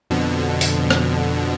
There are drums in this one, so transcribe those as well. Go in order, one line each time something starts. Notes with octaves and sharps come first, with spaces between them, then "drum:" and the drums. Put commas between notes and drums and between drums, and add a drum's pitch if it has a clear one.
F2 B2 D3
drum: open hi-hat
drum: rim click